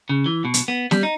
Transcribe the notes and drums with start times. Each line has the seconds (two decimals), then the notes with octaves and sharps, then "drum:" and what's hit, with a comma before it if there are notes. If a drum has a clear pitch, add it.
0.09 C#3
0.26 E3
0.45 B2
0.54 drum: hi-hat
0.68 B3
0.91 G3, drum: snare
1.03 D#4